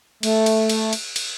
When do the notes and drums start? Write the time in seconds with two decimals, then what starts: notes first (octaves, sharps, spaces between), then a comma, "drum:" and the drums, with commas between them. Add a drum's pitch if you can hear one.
0.23 A3, drum: cymbal
0.46 drum: cymbal
0.69 drum: cymbal
0.93 drum: cymbal
1.16 drum: cymbal